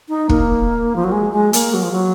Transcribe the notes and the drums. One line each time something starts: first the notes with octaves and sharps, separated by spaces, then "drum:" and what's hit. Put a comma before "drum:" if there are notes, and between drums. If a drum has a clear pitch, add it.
D#4
A#3, drum: kick
F3
F#3
G#3
G#3
A#3, drum: hi-hat
F#3
F3
F#3